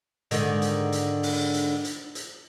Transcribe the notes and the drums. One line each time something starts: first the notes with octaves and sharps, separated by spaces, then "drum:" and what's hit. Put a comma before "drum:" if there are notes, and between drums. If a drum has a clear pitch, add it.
G#2 D3 D#3, drum: hi-hat
drum: hi-hat
drum: hi-hat
drum: open hi-hat
drum: hi-hat
drum: hi-hat
drum: hi-hat